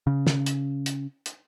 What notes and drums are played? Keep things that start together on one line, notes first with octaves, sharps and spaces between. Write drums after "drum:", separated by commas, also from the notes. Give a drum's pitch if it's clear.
C#3
drum: snare
drum: hi-hat
drum: hi-hat
drum: hi-hat